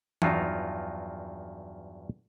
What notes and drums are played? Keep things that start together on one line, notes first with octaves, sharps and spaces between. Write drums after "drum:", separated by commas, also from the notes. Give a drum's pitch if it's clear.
E2 G2 F3 F#3 D#4 F4, drum: tom E3